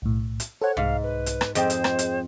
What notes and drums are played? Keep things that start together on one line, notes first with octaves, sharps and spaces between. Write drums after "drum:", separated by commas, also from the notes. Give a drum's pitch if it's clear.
B1 A2
drum: hi-hat
A4 C5 C#5 F#5
C2 G#2 F5
B4
drum: hi-hat
drum: rim click
F2 C4 G#4 C5 D#5 G5, drum: hi-hat
drum: hi-hat
drum: rim click
drum: hi-hat